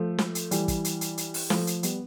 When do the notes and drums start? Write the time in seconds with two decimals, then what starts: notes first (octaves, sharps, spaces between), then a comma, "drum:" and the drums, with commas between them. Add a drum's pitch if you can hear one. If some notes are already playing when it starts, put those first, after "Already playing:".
Already playing: F3 A3
0.18 drum: snare
0.35 drum: hi-hat
0.51 E3 G3, drum: hi-hat
0.68 drum: kick, hi-hat
0.84 drum: hi-hat
1.01 drum: hi-hat
1.18 drum: hi-hat
1.34 drum: open hi-hat
1.50 F3 A3, drum: snare
1.67 drum: hi-hat
1.83 G3 B3, drum: hi-hat